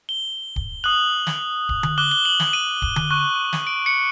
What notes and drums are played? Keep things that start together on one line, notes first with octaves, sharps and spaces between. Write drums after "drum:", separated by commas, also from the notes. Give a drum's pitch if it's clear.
G7
drum: kick
D#6 F#6 F#7
drum: snare
drum: kick
drum: tom D3
D6 F#6 G7
G7
F#7
drum: snare
D#7
drum: kick
drum: tom D3
C#6 F#6
drum: snare
D7
C#7